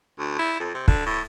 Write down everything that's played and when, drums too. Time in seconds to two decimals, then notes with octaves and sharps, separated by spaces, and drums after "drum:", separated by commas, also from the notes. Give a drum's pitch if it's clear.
0.19 D2
0.39 E4
0.60 F2
0.74 C3
0.88 D3, drum: kick
1.06 A2